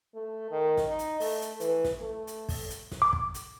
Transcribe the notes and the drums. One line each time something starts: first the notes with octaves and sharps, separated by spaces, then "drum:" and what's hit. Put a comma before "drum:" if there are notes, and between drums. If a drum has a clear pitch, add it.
A3
D#3
drum: snare
D#4
drum: hi-hat
A3, drum: open hi-hat
drum: hi-hat
E3, drum: hi-hat
drum: snare
A3
drum: hi-hat
drum: kick, open hi-hat
drum: hi-hat
drum: snare
D6
drum: kick
drum: hi-hat